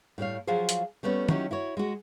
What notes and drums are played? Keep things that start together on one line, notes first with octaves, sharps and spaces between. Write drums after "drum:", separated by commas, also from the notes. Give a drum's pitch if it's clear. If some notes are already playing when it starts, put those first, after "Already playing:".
A2 G3 C#5 F5
F3 F#3 F4 G#4 C5
drum: hi-hat
G3 A3 B3 C#4
D#3 F#3 C#4 E4 G4, drum: tom
E4 F#4 C#5
G#3 F#4